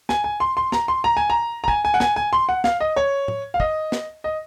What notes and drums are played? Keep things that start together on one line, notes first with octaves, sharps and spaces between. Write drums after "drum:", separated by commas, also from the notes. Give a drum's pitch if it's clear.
G#5, drum: snare
G#5
C6
C6
A#5, drum: snare
C6
A#5
G#5
A#5
A#5
G#5, drum: kick
G#5
F#5
G#5, drum: snare
G#5
C6
F#5
F5, drum: snare
D#5
C#5
drum: tom A2
F5
D#5, drum: kick
drum: snare
D#5